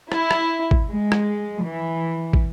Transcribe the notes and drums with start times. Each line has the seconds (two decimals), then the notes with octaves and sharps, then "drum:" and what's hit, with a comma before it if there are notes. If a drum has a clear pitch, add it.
0.12 E4, drum: rim click
0.31 drum: rim click
0.71 drum: kick
0.91 G#3
1.12 drum: rim click
1.65 E3
2.33 drum: kick